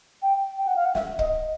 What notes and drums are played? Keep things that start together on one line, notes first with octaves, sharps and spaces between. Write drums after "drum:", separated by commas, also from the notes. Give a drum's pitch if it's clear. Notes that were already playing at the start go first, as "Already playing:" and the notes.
G5
G5
F#5
F5
F#5
E5, drum: snare
D#5, drum: kick